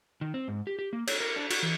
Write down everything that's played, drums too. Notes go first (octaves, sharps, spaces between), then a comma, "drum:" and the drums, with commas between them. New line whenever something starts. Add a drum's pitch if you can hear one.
D#3
C4
G#2
G4
G4
A#3
C#5, drum: cymbal
A#4
D4
F#4, drum: cymbal
E3